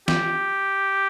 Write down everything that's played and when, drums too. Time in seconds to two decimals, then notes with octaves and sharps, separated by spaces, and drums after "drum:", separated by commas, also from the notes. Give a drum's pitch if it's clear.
0.08 G4, drum: snare